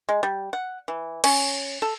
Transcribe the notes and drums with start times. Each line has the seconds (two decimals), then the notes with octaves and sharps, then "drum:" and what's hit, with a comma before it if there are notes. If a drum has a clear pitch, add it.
0.09 G#3
0.23 G3
0.53 F#5
0.88 E3
1.24 C#4, drum: cymbal
1.82 A4